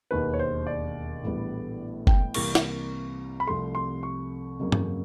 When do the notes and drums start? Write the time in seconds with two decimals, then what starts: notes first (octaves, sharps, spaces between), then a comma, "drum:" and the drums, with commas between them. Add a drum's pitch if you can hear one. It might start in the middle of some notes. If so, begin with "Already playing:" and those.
0.11 E1 D#2 D#3 B4
0.34 C#5
0.39 C5
0.67 D5
1.24 A#1 A2 E3 G3 B3
2.07 G5, drum: kick F#1
2.34 C2 C3 E3 G3 A#3 C#6, drum: cymbal
2.55 drum: snare
3.40 B5
3.47 C2 C3 F3 A3 C6
3.75 C6
4.03 C#6
4.59 F2 C#3 F#3 A#3
4.72 drum: tom G2